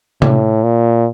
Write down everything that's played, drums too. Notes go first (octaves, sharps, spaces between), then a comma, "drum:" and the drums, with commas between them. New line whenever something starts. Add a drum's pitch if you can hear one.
A2, drum: tom C3
A#2